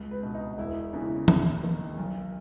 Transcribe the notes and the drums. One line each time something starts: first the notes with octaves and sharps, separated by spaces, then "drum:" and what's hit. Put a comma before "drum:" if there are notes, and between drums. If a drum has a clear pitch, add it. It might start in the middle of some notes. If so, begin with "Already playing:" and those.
Already playing: C#2
B4
B2
D#4
E1 E4
E2 C#3 E3
D#2, drum: tom E3
D#3
B1